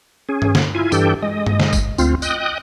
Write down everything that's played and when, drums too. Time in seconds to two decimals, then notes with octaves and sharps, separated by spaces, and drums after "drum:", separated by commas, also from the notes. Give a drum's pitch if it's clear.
0.29 C#4 G#4
0.42 drum: tom G2
0.55 drum: snare
0.75 E4 F4 G#5
0.92 G2 E3 D4 G4 A4 G5, drum: tambourine
1.23 G#3 D#5
1.46 drum: tom G2
1.60 drum: snare
1.73 drum: kick, tambourine
1.98 D2 C4 F4, drum: tambourine
2.22 D#5 G5 D#6 F#6, drum: tambourine